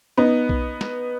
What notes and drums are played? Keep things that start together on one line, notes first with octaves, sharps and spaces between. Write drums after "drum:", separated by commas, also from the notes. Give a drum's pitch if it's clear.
B3 D#4
drum: kick B1
drum: snare